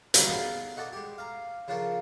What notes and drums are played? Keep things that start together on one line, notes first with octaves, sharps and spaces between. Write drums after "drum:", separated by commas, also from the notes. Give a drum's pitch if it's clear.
D3 E3 F#3 G3 A#3 D#4, drum: hi-hat
B3 D#4 G#4 A4 F5 A5
D#4 F#4 A4 D5 D#5
G#3 G4
F5 A#5
C#3 F3 D4 F4 A4 A#4